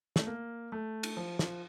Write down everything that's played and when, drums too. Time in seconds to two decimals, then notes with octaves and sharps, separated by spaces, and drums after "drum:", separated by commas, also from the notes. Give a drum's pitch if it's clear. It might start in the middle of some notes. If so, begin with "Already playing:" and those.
0.16 A3, drum: snare
0.27 A#3
0.72 A3
1.03 drum: cymbal
1.17 F3
1.39 F3, drum: snare